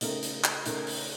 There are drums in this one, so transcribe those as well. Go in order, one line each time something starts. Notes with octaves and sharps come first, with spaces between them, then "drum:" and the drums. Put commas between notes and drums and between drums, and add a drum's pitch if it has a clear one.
C#3 A3 D#4 A#4, drum: hi-hat
drum: hi-hat
drum: clap
C#3 A3 D#4 A#4, drum: hi-hat
drum: open hi-hat